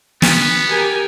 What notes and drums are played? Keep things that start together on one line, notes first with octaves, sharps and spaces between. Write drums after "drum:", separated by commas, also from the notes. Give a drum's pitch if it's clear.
B3, drum: snare
G4 A#4 G#5